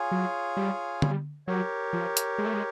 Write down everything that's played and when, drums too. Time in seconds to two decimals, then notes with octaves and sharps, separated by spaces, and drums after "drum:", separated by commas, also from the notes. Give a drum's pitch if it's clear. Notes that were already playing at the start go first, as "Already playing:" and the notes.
Already playing: F4 G#4 C#5 F5 G#5
0.12 F#3
0.57 G3
1.02 G3, drum: tom D3
1.47 F#3 G4 A#4 C#5
1.93 F3
2.17 drum: hi-hat
2.38 G#3
2.46 A3
2.54 G#3